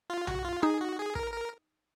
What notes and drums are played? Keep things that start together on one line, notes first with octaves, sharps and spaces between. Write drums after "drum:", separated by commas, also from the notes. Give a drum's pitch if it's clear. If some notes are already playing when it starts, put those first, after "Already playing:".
F4
F#4, drum: tom B1
F4
D#4 G#4
F#4
G#4
A#4, drum: kick
A#4